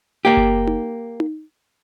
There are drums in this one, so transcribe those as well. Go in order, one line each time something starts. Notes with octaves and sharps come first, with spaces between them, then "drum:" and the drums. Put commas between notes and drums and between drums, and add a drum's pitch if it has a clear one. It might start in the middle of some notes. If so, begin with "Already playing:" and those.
A#3 G4
drum: kick F#1
drum: tom D#4
drum: tom D#4